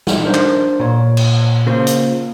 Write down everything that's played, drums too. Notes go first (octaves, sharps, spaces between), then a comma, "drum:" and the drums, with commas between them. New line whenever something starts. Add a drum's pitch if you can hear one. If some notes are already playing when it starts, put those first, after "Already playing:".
drum: snare D#4
D4 A#4 C5
drum: clap
A#2 C#5
drum: cymbal
C#3 A#3 F4 C5
drum: hi-hat